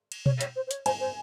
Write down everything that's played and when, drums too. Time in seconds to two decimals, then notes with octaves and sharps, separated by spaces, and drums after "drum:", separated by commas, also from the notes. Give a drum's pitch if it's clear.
0.12 drum: cymbal
0.26 C#5, drum: tom B2
0.41 C#5, drum: hi-hat
0.56 C5
0.67 C5
0.71 C#5, drum: hi-hat
0.86 C5 G#5, drum: cymbal
1.00 C5